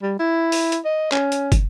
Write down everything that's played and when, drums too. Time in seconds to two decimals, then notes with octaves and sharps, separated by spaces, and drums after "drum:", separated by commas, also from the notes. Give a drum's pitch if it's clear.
0.02 G3
0.19 E4
0.52 drum: open hi-hat
0.72 drum: hi-hat
0.85 D#5
1.12 C#4, drum: clap
1.32 drum: hi-hat
1.52 drum: kick, hi-hat